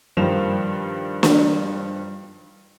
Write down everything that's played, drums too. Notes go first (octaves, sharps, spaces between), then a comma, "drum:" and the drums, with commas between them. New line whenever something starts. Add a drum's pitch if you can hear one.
G2 D#3 F3 E7 F7
drum: snare